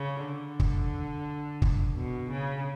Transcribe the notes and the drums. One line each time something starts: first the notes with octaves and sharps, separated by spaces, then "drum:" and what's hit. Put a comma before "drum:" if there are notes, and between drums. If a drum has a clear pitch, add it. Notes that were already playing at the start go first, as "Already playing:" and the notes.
Already playing: C#3
D3
drum: kick
drum: kick
B2
C#3